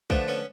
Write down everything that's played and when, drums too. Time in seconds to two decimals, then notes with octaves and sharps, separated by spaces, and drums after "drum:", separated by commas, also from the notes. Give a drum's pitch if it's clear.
0.10 D3 F3 A3 B3, drum: kick
0.28 B3 C#4